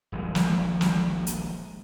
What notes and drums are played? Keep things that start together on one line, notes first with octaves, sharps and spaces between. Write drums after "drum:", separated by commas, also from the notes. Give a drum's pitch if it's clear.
D#1 A#1 F3 G#3
drum: snare
drum: snare
drum: hi-hat